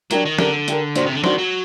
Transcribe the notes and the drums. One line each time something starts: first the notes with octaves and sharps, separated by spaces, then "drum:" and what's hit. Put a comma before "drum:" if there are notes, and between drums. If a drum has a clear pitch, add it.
F#3 D4 G4 A#4, drum: hi-hat
D#3
D3 D4 G4 A#4, drum: snare
D4 G4 A#4, drum: hi-hat
A#2 D4 F#4 C5, drum: hi-hat
C3
D3
D#3 D4 F#4 C5, drum: snare
F#3